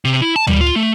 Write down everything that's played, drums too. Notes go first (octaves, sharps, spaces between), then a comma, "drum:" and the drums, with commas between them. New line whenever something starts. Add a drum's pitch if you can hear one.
C3
E4
A5
G3, drum: tom
F4
A3